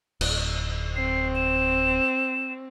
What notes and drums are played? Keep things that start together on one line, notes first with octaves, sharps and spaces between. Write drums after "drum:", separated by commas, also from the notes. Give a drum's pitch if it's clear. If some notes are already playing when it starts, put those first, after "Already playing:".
D1, drum: cymbal
C4 C7
E7